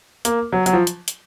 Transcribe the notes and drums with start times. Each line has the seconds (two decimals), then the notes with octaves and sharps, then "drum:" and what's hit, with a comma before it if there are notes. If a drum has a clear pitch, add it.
0.25 A#3, drum: hi-hat
0.53 F#3
0.66 F#3, drum: hi-hat
0.73 F3
0.87 drum: hi-hat
1.08 drum: hi-hat